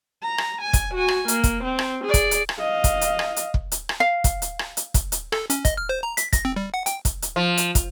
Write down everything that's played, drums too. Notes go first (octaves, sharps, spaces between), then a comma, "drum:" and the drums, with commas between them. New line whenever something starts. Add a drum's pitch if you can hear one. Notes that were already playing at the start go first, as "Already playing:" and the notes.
A#5
drum: rim click
G#5
drum: kick, hi-hat
F#4 G#5
drum: rim click
A#3, drum: hi-hat
drum: kick, hi-hat
C4
drum: rim click
G#4 D5
drum: kick, hi-hat
drum: hi-hat
drum: rim click
D#5 F5
drum: kick, hi-hat
drum: hi-hat
drum: rim click
drum: hi-hat
drum: kick
drum: hi-hat
drum: rim click
F5
drum: kick, hi-hat
drum: hi-hat
drum: rim click
drum: hi-hat
drum: kick, hi-hat
drum: hi-hat
A4, drum: rim click
C#4, drum: hi-hat
D#5, drum: kick, hi-hat
F6
C5
A#5
B6, drum: hi-hat
A#6, drum: kick, hi-hat
C4
G3
F#5
G5, drum: hi-hat
drum: kick, hi-hat
drum: hi-hat
F3
drum: hi-hat
drum: kick, hi-hat